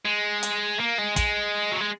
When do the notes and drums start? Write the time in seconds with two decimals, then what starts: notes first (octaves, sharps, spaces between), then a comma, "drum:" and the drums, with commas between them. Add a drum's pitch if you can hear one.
0.06 G#3
0.43 drum: hi-hat
0.79 A#3
0.98 G#3
1.16 G#3, drum: kick, hi-hat
1.72 F#3
1.80 G#3